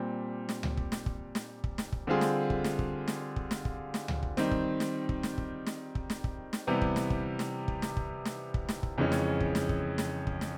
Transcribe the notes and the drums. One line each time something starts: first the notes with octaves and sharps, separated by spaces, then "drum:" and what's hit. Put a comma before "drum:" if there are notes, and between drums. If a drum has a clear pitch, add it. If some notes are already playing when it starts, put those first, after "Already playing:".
Already playing: A#2 G3 C4
drum: snare
drum: tom C#2
drum: kick
drum: snare
drum: kick
drum: snare
drum: kick
drum: snare
drum: kick
D3 G3 C4 F4 G#4
drum: snare
drum: kick
drum: snare
drum: kick
drum: snare
drum: kick
drum: snare
drum: kick
drum: snare
drum: tom C#2
drum: kick
D#3 G3 C4, drum: snare
drum: kick
drum: snare
drum: kick
drum: snare
drum: kick
drum: snare
drum: kick
drum: snare
drum: kick
drum: snare
C3 E3 G3 B3
drum: kick
drum: snare
drum: kick
drum: snare
drum: kick
drum: snare
drum: kick
drum: snare
drum: kick
drum: snare
drum: kick
F2 C#3 E3 G#3 C#4
drum: snare
drum: kick
drum: snare
drum: kick
drum: snare
drum: kick
drum: snare